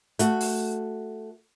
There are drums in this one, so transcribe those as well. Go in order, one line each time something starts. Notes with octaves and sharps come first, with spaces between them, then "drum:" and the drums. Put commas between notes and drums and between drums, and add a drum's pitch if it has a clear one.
A3 F#4, drum: hi-hat
drum: open hi-hat